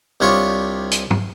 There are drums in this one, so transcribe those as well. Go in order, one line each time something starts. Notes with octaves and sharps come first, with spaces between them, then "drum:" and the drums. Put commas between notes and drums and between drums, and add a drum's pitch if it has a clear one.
C2 C3 D4 F4 C#5 C#6
drum: hi-hat
drum: tom